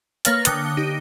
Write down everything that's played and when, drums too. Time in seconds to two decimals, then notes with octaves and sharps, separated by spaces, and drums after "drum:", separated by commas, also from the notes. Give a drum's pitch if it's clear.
0.25 A#3 B4 C#5 F5 F6 A6, drum: hi-hat
0.45 D3 G5 D#6 F#6 C#7 G7, drum: hi-hat
0.77 D#4 G4